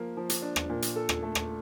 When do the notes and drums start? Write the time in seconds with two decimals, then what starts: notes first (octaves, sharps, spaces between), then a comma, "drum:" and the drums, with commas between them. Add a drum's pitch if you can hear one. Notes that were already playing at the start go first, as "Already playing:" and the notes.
Already playing: F3 A#3
0.17 F3
0.30 drum: hi-hat
0.42 D4
0.56 drum: rim click
0.69 A#2
0.82 drum: hi-hat
0.96 A4
1.09 drum: rim click
1.23 A3
1.35 drum: rim click